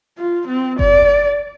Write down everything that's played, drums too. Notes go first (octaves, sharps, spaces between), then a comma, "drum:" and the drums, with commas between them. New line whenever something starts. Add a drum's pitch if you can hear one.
F4
C4
D5, drum: kick F#1